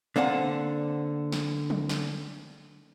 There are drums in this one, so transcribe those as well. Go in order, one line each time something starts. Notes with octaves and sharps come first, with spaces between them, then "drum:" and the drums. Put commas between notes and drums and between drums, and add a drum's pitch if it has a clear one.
D3 A#3 C4 F#5 G#5 A5
drum: snare
drum: tom
drum: snare